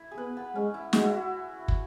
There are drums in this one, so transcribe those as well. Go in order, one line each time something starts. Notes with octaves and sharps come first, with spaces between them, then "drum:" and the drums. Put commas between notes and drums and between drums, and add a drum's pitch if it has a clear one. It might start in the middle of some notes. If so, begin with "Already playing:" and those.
Already playing: E4
G#4
B3 B4
B3
G#3 C#4
E4
G#3 F#4, drum: snare
E4
F#4
drum: kick